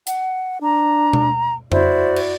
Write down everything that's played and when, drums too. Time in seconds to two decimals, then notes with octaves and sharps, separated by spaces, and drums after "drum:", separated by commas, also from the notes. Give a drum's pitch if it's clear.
0.07 F#5, drum: hi-hat
0.61 D4 A#5
1.13 drum: tom B2
1.72 E4 F#4 C5 D5, drum: tom F2
2.16 drum: cymbal